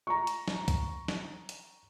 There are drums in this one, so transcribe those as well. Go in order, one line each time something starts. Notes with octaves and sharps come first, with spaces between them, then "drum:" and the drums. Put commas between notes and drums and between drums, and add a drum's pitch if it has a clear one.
A#5 C#6
drum: hi-hat
drum: snare
drum: kick, hi-hat
drum: snare
drum: hi-hat